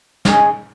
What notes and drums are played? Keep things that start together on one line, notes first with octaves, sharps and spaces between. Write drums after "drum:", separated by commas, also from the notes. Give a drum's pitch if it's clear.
C#4 G#4 D#5, drum: snare